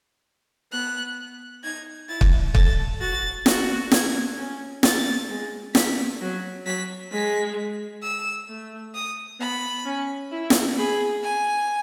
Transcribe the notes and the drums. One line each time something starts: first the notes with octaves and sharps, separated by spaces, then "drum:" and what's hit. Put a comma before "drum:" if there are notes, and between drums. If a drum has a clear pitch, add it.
B3 F#6
D#4 G#6
E4 A6
drum: kick
A4 A6, drum: kick
F#4 A6
F#4, drum: snare
G#6, drum: snare
C#4
A6, drum: snare
G#3
B6, drum: snare
F#3
F#3 B6
G#3 B6
E6
A3
D#6
B3 B5
C#4
E4
drum: snare
G#4 B5
G#5